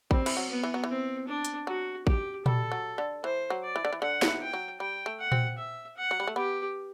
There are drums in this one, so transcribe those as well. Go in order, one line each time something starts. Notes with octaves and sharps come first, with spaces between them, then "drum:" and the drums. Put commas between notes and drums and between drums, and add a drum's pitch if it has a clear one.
G3 C4, drum: kick A1
E3, drum: cymbal
F#3
B3
E3
F#3
E3
C4
D4
drum: hi-hat
F#3 F#4
G4, drum: kick A1
G3 A4, drum: tom A#2
F#3
D3
E3 C5
F#3
D5
E3
D3
E3
D3 F#5
F#3, drum: snare
E3
G5
F#3
G3 G5
A3
F#5
C4, drum: tom A#2
E5
F#5
F#3
G3
A3
B3 G4